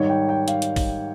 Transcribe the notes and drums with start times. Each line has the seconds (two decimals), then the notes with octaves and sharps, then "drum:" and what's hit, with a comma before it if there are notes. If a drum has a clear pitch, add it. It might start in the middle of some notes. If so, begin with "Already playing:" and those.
Already playing: G#2 D#3 G3 C#5
0.10 G5
0.29 G5
0.48 F5, drum: hi-hat
0.62 drum: hi-hat
0.76 drum: kick, open hi-hat